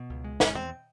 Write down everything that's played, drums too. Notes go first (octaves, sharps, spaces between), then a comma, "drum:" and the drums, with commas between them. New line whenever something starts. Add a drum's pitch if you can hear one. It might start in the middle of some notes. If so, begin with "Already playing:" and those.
Already playing: B2
C#2
G#3
F#1 C#4, drum: snare
E2 C4